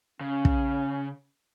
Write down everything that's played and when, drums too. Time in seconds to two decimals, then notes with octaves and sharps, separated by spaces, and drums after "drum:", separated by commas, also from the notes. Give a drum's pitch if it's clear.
0.21 C#3 C#4
0.45 drum: kick